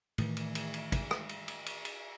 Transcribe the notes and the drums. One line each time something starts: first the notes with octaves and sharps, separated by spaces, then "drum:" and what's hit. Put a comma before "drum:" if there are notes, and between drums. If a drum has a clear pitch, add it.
A2 D#3 E3, drum: cymbal
drum: cymbal
drum: cymbal
drum: cymbal
drum: kick, cymbal
drum: rim click
drum: cymbal
drum: cymbal
drum: cymbal
drum: cymbal